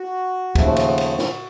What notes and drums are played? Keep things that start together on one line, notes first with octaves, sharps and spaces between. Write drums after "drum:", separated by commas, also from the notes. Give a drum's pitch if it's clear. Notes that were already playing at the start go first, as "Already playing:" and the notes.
Already playing: F#4
D#2 C#3 F3 A3, drum: kick, cymbal
drum: cymbal
drum: cymbal
drum: snare